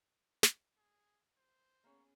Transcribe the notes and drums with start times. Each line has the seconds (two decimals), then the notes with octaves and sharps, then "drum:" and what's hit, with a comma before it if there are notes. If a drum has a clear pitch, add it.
0.43 drum: snare
0.78 G#4
1.38 C5
1.84 A#3 B3 C#4 G#4 C#5